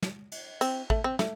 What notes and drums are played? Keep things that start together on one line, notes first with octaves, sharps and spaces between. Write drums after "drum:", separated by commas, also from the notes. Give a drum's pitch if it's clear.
drum: snare
drum: cymbal
C4, drum: cymbal
A3, drum: kick
C4
A3, drum: snare